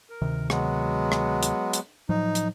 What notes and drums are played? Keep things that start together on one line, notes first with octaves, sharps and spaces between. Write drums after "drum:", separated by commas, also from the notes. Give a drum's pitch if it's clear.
A#4
D2 C3 D#3
F#3 G#3 B3, drum: rim click
drum: rim click
drum: hi-hat
drum: hi-hat
A2 F3 F#3 D#4
drum: hi-hat